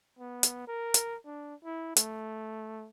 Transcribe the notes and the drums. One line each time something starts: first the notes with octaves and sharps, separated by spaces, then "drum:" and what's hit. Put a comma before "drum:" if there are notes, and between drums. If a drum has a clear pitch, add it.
B3
drum: hi-hat
A#4
drum: hi-hat
D4
E4
A3, drum: hi-hat